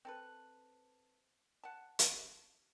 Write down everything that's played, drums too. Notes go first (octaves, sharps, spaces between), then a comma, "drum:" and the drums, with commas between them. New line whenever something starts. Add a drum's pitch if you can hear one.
C4 A4 B4
F#5 A5
drum: hi-hat